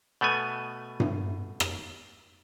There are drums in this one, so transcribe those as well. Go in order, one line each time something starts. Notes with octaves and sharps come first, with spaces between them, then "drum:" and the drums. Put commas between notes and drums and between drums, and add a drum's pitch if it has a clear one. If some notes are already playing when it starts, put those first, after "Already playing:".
B2 A3 B3 G#5
drum: tom G2
drum: rim click